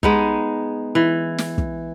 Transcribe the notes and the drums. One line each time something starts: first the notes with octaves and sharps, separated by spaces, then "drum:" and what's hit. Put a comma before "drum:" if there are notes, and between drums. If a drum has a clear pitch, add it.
G#3 B3 D#4, drum: kick
E3
drum: snare
drum: kick